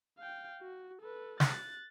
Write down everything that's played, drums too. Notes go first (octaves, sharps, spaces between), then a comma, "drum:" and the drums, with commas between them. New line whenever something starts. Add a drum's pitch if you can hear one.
F5 G5
F#4
A4 B4
F#6 A6, drum: snare